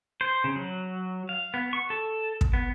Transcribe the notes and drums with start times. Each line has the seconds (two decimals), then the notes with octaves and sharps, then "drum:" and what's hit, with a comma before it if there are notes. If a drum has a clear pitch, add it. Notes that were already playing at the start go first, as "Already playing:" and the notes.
0.21 C5
0.44 C#3
0.56 F#3
1.29 F5
1.54 B3
1.73 C#6
1.90 A4
2.41 drum: kick
2.53 B3